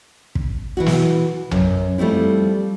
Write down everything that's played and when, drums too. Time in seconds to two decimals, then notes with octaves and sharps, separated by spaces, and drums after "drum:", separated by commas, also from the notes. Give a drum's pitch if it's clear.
0.35 drum: kick
0.77 E3 E4 F#4
0.86 drum: snare
1.51 F#2, drum: tom A#1
1.98 F3 G3 A3 C4 E4